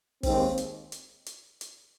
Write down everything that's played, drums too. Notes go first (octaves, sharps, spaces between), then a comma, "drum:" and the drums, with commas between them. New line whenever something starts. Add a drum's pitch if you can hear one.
D#2 D#3 G#3 C4, drum: kick, open hi-hat
drum: hi-hat
drum: hi-hat
drum: hi-hat
drum: hi-hat